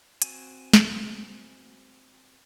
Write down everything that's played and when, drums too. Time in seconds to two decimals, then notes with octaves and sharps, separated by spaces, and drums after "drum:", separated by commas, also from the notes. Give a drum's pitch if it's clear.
0.22 C4 F#4 G#5, drum: hi-hat
0.74 drum: snare